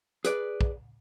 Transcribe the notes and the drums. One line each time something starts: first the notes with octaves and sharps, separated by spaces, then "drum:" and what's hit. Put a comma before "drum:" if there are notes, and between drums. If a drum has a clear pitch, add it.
G#4 B4 D5, drum: hi-hat
drum: kick